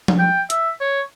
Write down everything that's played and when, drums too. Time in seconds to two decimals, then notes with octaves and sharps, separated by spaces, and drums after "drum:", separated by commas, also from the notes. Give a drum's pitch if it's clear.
0.08 drum: tom F3
0.19 G5
0.50 E5, drum: hi-hat
0.81 C#5